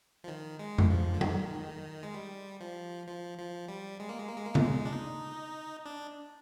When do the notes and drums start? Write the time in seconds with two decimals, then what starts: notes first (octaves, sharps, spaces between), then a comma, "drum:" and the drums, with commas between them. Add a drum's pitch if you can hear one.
0.24 F3
0.28 D#3
0.59 G#3
0.78 drum: tom F2
0.90 F3
1.14 D3
1.21 D#3, drum: tom
2.03 G#3
2.14 G3
2.60 F3
3.07 F3
3.38 F3
3.69 G3
4.00 G#3
4.09 A#3
4.18 G#3
4.28 A#3
4.37 G#3
4.46 A#3
4.55 G#3, drum: tom C#3
4.85 D4
4.93 D#4
5.86 D4